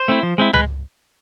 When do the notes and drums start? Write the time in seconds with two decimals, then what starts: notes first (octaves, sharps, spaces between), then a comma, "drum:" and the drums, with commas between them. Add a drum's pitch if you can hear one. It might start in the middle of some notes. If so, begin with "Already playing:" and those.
Already playing: C5
0.08 A3 C4 E4
0.23 F3
0.38 G#3 C4 E4
0.53 G#3 B4, drum: tom C#2